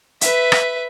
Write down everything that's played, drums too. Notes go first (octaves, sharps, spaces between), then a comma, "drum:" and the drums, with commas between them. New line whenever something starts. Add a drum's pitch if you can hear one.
B4 E5, drum: hi-hat
drum: rim click